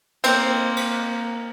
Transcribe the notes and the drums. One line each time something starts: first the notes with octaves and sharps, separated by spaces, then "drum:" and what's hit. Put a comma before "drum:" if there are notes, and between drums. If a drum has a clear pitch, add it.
A#3 C4, drum: cymbal
drum: cymbal